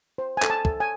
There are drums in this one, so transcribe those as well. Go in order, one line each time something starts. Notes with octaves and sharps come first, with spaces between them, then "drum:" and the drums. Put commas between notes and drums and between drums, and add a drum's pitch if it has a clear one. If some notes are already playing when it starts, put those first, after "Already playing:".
C5
G#5
A4, drum: clap
A5
A4, drum: kick
G#5